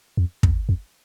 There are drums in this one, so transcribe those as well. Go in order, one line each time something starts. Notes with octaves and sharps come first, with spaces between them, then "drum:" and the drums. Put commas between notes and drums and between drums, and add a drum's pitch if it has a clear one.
F2
E2, drum: kick
F2